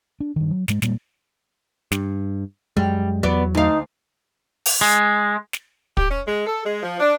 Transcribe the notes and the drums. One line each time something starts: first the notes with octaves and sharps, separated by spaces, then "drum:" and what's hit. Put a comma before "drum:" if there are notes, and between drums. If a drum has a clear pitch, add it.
D4
G2 D#3
F#3
G#2 G#3, drum: snare
A#2 G3 G#3 A#3, drum: snare
G2, drum: snare
F#2 G3 G#3
E2 F#3 B3 D5
D2 D#4 F5
drum: open hi-hat
G#3
drum: snare
G4, drum: kick
C#4
G#3
A4
G#3
F3
D4